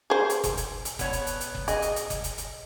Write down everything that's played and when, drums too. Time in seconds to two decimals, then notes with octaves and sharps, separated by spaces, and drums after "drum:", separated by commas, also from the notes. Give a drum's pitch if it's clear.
0.10 G#4 C5
0.30 drum: hi-hat
0.44 drum: kick F#1, hi-hat
0.57 drum: hi-hat
0.85 drum: hi-hat
0.99 B3 C#5 A5, drum: kick F#1, hi-hat
1.13 drum: hi-hat
1.27 drum: hi-hat
1.41 drum: hi-hat
1.55 drum: kick F#1
1.68 G#4 D#5, drum: hi-hat
1.82 drum: hi-hat
1.96 drum: hi-hat
2.10 drum: kick F#1, hi-hat
2.24 drum: hi-hat
2.38 drum: hi-hat